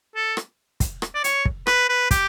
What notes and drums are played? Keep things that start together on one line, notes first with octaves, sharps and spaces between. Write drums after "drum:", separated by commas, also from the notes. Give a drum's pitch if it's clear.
A4
drum: rim click
drum: kick, hi-hat
drum: rim click
D5
C#5, drum: hi-hat
drum: kick
B4, drum: rim click
B4
G4, drum: kick, hi-hat